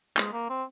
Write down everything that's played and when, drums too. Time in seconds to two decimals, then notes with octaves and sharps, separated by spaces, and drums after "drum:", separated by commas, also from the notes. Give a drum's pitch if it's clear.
0.17 G#3, drum: clap
0.33 A#3
0.49 C4